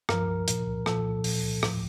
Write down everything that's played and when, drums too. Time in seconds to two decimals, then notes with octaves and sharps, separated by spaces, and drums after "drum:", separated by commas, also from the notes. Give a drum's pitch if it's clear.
0.09 G2 F3 A#4, drum: rim click
0.48 A#2 F3, drum: hi-hat
0.86 A#2 F3 A4, drum: rim click
1.24 A#2 F3, drum: open hi-hat
1.63 A2 F3, drum: rim click